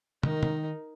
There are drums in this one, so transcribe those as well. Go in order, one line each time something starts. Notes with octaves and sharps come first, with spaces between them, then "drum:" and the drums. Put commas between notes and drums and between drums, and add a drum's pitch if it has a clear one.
D#3 D#4 A#4, drum: tom
drum: tom